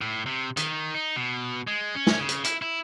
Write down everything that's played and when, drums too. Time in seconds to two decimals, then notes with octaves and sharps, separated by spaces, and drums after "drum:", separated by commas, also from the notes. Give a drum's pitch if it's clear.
0.01 A2
0.26 C3
0.57 D#3, drum: hi-hat
0.94 D#4
1.16 B2
1.67 G#3
1.95 C#4
2.07 drum: snare
2.19 C#3
2.29 drum: hi-hat
2.44 E4, drum: hi-hat
2.62 E4